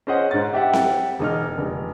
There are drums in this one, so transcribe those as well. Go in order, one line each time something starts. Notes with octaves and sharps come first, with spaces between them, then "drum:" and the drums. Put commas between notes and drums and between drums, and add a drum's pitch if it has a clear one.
C#4 G#4 C5 D#5 F#5
G#2 A6
G4 E5 F#5
drum: snare C4
E1 D#4 F6
F1